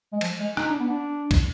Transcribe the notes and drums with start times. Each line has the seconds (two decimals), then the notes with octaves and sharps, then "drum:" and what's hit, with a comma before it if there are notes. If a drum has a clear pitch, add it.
0.12 G#3
0.21 F3, drum: cymbal
0.40 G#3
0.57 D#4, drum: rim click
0.69 D4
0.80 B3
0.90 D4
1.31 drum: kick, cymbal